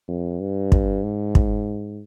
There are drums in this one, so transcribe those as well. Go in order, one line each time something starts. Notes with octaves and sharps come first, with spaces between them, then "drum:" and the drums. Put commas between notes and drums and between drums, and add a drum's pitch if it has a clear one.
F2
G2
drum: kick
G#2
drum: kick